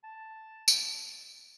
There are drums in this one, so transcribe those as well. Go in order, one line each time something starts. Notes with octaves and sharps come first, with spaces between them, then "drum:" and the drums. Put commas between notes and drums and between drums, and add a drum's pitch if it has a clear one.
A5
drum: tambourine